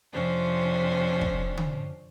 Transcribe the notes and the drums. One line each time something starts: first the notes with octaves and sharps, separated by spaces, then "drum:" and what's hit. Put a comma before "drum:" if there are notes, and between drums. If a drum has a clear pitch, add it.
F2 C3 F3 C#4 D4 C5
drum: kick
drum: tom D3